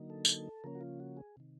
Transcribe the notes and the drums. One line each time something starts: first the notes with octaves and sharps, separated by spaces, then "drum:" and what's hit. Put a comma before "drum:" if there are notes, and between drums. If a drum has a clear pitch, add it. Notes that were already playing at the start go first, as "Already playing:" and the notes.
Already playing: D3 F#3 A#3 D#4
A4
drum: tambourine
C#3 F3 A#3 C#4 A#4
F#4
F4
F#4
G#4
C3 D#3